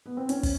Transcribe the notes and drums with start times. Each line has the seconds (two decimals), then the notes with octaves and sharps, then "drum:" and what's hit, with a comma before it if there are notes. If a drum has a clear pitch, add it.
0.06 B3
0.17 C4
0.29 C#4, drum: hi-hat
0.43 drum: kick, open hi-hat